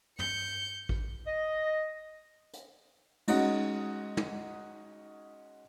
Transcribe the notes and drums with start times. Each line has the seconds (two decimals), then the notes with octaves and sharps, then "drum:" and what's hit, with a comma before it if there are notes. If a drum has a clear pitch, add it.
0.19 G6 C#7, drum: tom
0.89 drum: kick A1
1.27 D#5
2.53 drum: hi-hat
3.28 G#3 C#4 D#4 F#4 D#5 F#5, drum: cymbal
4.17 drum: tom